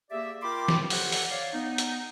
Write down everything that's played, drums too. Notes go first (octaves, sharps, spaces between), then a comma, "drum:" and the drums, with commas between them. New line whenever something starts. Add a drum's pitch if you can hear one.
A#3 G4 G#4 D5 E5
F4 A#4 G5 B5 C6 D6
drum: snare
G4 A4 C5 C#5 F#5, drum: open hi-hat
drum: open hi-hat
C#5 D5 F5
B3 D#4
drum: hi-hat